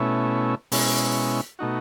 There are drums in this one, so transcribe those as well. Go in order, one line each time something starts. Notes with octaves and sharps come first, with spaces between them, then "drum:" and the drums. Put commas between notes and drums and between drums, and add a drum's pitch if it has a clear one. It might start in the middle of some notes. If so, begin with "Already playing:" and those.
Already playing: B2 A3 C#4 E4
B2 G#3 C#4 E4, drum: open hi-hat
B2 A3 D#4 F#4